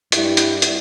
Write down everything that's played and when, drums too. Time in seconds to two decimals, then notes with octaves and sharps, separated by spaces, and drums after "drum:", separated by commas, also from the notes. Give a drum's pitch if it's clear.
0.12 G2 G3 E4, drum: hi-hat
0.37 drum: hi-hat
0.62 drum: hi-hat